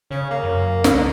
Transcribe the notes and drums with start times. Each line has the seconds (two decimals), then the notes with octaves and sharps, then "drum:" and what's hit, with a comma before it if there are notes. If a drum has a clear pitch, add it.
0.11 C#3 C#4
0.30 A#3
0.43 F#2
0.84 C#2, drum: snare
0.98 D3 D#3